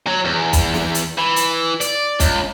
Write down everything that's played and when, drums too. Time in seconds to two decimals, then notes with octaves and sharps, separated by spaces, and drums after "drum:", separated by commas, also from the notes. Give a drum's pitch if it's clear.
0.07 F#3
0.25 E2
0.53 drum: kick, hi-hat
0.74 drum: snare
0.95 drum: hi-hat
1.18 E3
1.36 drum: hi-hat
1.81 D5, drum: hi-hat
2.20 C#2, drum: kick, hi-hat